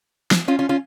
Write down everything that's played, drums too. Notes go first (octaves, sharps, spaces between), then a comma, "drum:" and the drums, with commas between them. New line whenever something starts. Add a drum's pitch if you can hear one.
drum: snare
C#4 F4
C#4 F4
C#4 F4